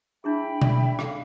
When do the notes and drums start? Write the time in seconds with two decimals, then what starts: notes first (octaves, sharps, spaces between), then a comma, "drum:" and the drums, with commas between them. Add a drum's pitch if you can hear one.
0.24 D4 E4 G#4 E5 G5 B5
0.62 D5, drum: tom B2
0.99 F5, drum: rim click